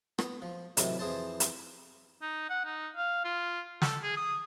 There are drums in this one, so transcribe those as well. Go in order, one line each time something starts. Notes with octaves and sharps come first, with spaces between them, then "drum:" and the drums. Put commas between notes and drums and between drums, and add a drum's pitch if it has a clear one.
B3, drum: rim click
F3
A2 C3 D#3 E3 F#3 A3, drum: hi-hat
F2 E3 G#4 C5 A5
drum: hi-hat
D#4
F#5
D#4
F5
F4
A4, drum: snare
G#4
D#6